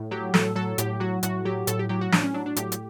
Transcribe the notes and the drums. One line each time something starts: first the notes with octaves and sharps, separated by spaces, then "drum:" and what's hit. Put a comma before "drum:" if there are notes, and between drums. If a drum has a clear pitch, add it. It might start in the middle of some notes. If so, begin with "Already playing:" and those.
Already playing: A2
F#3 G4
A2 A4, drum: snare
F#3 A4
A2 G4, drum: hi-hat
F#3 F#4
A2 F#4, drum: hi-hat
F#3 G4
A2 A4, drum: hi-hat
G4
F#3 G4
F#4
A2 D4, drum: snare
C#4
F#3 D4
D4
A2 G4, drum: hi-hat
drum: hi-hat